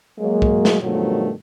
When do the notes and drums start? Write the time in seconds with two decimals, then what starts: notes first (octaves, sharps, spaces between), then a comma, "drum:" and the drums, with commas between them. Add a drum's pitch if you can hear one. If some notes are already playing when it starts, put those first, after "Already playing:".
0.19 F#3 G#3 A#3
0.42 drum: kick
0.65 drum: snare
0.81 G2 B2 D#3 F3 F#3 A3